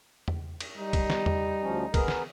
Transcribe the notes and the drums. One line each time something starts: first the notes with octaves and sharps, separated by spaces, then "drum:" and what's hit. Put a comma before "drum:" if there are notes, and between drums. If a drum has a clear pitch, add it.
drum: tom E2
drum: cymbal
G3 D#4
drum: kick, cymbal
drum: snare
drum: tom E2
D2 F3 C#4
B3 G#4 A#4, drum: kick, cymbal
drum: snare